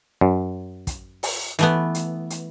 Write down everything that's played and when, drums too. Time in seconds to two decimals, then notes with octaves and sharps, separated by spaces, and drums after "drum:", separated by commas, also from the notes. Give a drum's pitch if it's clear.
0.21 F#2
0.87 drum: kick, hi-hat
1.23 drum: open hi-hat
1.59 E3 A3 B3, drum: hi-hat
1.95 drum: hi-hat
2.30 drum: hi-hat